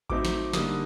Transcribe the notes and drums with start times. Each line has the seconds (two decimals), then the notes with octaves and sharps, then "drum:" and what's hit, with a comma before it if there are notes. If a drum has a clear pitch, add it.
0.10 F#3 A3 C4 D#4 D6, drum: kick A1
0.25 drum: snare
0.53 D3 G3 A#3 D#4 D#6, drum: snare